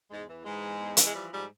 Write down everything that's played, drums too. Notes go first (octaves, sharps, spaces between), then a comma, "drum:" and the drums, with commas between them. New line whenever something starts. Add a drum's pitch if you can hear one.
E2 G#2 G#3
E3
G#2 E3 G#3
E2
E2
E3, drum: hi-hat
G#3
F3 G3
G#2 G3